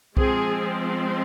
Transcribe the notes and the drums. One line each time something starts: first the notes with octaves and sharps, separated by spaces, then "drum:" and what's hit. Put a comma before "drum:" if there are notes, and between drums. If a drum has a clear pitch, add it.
F3 G#3 C4 G#4, drum: kick B1